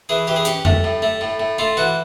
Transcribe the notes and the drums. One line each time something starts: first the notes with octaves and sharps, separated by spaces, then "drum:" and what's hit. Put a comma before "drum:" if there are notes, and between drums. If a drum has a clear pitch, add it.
E3 G#4
E3 G4
G#4
C#4 G4, drum: hi-hat
A3, drum: tom F2
A2
A3
A2
A2
A3 F4
E3 F#4